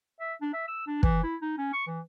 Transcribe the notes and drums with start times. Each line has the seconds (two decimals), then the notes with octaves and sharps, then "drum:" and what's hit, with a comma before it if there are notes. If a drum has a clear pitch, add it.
0.20 E5
0.41 D4
0.54 E5
0.68 E6
0.87 D4
1.03 E3, drum: kick
1.24 E4
1.42 D#4
1.58 C#4
1.73 C#6
1.87 E3